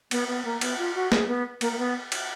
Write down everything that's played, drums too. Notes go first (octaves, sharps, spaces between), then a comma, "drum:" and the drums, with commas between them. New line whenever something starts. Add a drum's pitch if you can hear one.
B3, drum: cymbal
B3
A#3
B3, drum: cymbal
F4
F#4
G#4, drum: snare
B3
A#3, drum: cymbal
A#3
B3
drum: cymbal